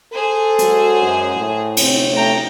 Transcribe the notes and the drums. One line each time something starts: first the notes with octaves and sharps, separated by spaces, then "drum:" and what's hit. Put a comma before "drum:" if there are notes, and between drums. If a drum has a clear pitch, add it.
G#4 A4 C5
F#3 G#3 F#4, drum: hi-hat
F#2
A2
D2 C3 C4 C#5, drum: cymbal
A3 G5 A#5